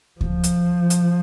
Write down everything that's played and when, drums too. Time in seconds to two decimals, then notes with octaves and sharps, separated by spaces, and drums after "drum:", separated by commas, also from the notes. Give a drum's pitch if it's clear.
0.21 F3, drum: kick D2
0.44 drum: hi-hat
0.90 drum: hi-hat